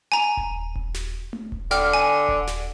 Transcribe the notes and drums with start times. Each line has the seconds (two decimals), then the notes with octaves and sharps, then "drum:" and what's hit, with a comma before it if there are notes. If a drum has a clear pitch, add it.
0.12 G#5 A#5
0.37 drum: kick D#1
0.76 drum: kick D#1
0.95 drum: snare
1.33 drum: tom A3
1.52 drum: kick D#1
1.71 D3 G5 F6, drum: snare
1.94 G#5
2.28 drum: kick D#1
2.48 drum: snare